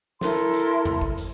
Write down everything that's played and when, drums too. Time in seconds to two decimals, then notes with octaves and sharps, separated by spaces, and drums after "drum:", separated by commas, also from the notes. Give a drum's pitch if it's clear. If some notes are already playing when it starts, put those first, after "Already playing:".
0.21 E4 A4 A#4 C6, drum: snare
0.53 drum: hi-hat
0.85 drum: tom E2
1.01 drum: kick G#1
1.17 drum: hi-hat